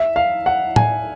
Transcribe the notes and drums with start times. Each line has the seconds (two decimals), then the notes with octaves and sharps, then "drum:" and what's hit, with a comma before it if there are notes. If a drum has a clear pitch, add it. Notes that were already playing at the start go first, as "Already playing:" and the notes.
Already playing: E5
0.16 F5
0.46 F#5
0.76 G#5, drum: tom A2